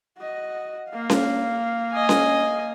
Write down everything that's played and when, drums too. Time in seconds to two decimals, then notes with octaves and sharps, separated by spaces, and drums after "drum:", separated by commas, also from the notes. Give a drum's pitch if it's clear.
0.18 F#4 D#5
0.90 A#3 F5
1.10 drum: snare C#4
1.92 D#5 G#5
2.09 drum: snare C#4